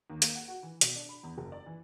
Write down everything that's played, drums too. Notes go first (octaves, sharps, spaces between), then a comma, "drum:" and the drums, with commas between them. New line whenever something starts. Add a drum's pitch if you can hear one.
D#2
A#3, drum: hi-hat
F#5
F#4
E3
B2, drum: hi-hat
D4
B5
E2
F#1
D5
E3